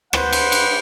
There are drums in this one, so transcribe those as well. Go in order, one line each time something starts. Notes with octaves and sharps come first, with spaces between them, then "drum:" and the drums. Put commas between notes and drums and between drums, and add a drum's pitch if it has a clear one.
G3 B4 C5 F#5, drum: rim click
drum: cymbal
drum: cymbal